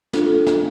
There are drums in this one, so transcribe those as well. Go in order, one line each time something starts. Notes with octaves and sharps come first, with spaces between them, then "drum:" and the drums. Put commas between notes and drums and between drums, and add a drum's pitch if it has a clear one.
D4 F4 A4, drum: snare
drum: snare